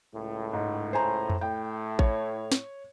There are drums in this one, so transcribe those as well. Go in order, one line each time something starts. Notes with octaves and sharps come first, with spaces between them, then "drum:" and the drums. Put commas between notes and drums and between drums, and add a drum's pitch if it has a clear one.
C#2 A2
G#2
C5 G#5 A#5
drum: tom F2
A2 G5
C#5, drum: kick A1
drum: snare